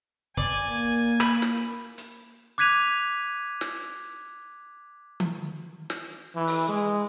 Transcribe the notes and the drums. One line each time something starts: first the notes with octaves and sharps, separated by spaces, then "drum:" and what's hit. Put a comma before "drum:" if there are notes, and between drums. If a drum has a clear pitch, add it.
D5 G#5, drum: kick
A#3
B5, drum: rim click
drum: snare
drum: hi-hat
D6 F#6 G#6 B6 D#7 F7
drum: snare
drum: tom D#3
drum: snare
E3
drum: open hi-hat
G#3